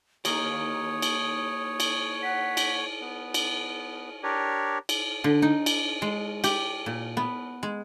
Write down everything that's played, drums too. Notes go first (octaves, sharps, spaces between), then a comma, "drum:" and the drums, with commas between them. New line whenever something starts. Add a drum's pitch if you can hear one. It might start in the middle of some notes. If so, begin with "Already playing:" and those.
A#3 D#4 G4 C#5 D#6, drum: cymbal
drum: cymbal
drum: cymbal
F#5 B6
drum: cymbal
B3
drum: cymbal
D4 G4 A#4 C#5
drum: cymbal
D3
D#4
drum: cymbal
G#3
G4, drum: cymbal
A#2
B3
G#3